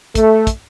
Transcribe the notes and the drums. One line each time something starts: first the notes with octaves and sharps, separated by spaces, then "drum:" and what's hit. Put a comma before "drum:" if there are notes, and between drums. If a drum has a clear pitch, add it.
A3, drum: kick, hi-hat
drum: kick, hi-hat